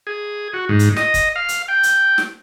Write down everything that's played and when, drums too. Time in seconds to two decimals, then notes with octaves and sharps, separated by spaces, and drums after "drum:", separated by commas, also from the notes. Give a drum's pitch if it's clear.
0.07 G#4
0.53 F#4
0.69 G#2
0.79 drum: hi-hat
0.97 D#5, drum: snare
1.14 drum: kick, hi-hat
1.36 F5
1.49 drum: hi-hat
1.68 G5
1.83 drum: hi-hat
2.18 drum: snare